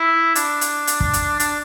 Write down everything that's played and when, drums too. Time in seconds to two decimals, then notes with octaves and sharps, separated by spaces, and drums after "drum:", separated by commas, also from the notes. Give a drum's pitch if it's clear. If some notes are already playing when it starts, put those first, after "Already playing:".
Already playing: E4
0.35 D4, drum: hi-hat
0.61 drum: hi-hat
0.87 drum: hi-hat
1.00 drum: kick
1.13 drum: hi-hat
1.40 D4, drum: hi-hat